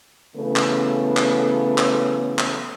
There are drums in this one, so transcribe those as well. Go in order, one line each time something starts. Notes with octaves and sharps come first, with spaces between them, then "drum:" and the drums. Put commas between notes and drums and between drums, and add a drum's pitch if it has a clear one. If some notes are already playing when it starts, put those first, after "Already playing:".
C#3 E3 F#3 A3 B3
drum: clap
drum: clap
drum: clap
drum: clap